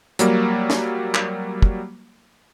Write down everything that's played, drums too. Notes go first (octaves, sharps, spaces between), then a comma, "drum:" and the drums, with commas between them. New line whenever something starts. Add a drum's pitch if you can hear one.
F#3 G3 A#3, drum: hi-hat
drum: snare
drum: clap
drum: kick